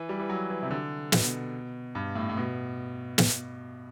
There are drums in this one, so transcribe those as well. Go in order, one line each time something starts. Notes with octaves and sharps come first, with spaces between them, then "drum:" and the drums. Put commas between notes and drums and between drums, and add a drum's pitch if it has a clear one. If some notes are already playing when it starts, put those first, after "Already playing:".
Already playing: E3
G3
E3
F#3
E3
C3
D3
B2, drum: snare
G2
A2
A2
B2
drum: snare